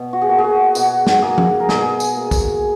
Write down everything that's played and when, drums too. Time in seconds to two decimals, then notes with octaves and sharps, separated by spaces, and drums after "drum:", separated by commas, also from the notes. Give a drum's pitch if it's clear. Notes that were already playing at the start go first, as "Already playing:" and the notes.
Already playing: B2
0.13 F#4
0.22 G#4
0.28 A#3 F#4
0.38 G#4
0.44 F#4
0.75 B2 F#4, drum: tambourine
1.07 drum: snare
1.22 A#3 G#4
1.38 drum: tom
1.60 A#4
1.69 B2 G#4, drum: snare
2.00 drum: tambourine
2.16 A#3
2.31 drum: kick, tambourine